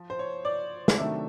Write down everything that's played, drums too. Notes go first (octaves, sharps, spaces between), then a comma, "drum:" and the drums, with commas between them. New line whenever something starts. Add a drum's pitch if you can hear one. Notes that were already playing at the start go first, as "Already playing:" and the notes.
Already playing: F3
C5
C#5
D5
drum: snare
C3 D#3 F#3 A3 D4 E5